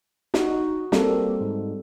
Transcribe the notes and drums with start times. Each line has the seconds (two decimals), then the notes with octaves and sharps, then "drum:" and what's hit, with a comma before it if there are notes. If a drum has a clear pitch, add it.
0.34 D#4 F#4, drum: snare
0.92 G3 A#3 C4 A4, drum: snare
1.41 G#2